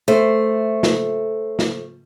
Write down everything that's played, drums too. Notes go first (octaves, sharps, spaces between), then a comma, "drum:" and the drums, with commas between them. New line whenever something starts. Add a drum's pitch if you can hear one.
A3 C5
drum: snare
drum: snare